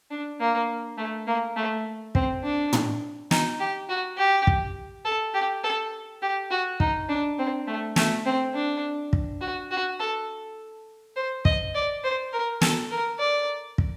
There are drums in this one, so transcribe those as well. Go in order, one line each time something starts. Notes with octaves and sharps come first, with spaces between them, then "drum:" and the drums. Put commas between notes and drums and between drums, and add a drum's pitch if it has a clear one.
D4
A#3
A3
A#3
A3
C4, drum: kick
D4
drum: tom
D#4, drum: snare
G4
F#4
G4
drum: kick
A4
G4
A4
G4
F#4
D#4, drum: kick
D4
C4
A3
A3, drum: snare
C4
D4
drum: kick
F#4
F#4
A4
C5
D#5, drum: kick
D5
C5
A#4
A4, drum: snare
A#4
D5
drum: kick